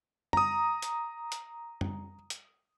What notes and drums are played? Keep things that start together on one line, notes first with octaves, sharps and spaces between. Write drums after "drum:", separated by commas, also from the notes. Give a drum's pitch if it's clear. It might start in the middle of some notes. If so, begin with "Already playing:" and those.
A#5 D#6, drum: tom
drum: hi-hat
drum: hi-hat
drum: tom
drum: hi-hat